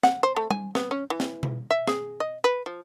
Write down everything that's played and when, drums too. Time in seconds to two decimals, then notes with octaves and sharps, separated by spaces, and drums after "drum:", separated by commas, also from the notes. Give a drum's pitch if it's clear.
0.03 F#5, drum: snare
0.23 C5
0.36 A3
0.51 G#5, drum: tom G3
0.75 B3, drum: snare
0.91 C#4
1.10 E3
1.20 drum: snare
1.43 drum: tom B2
1.71 E5
1.87 G#4, drum: snare
2.20 D#5
2.44 B4
2.66 F3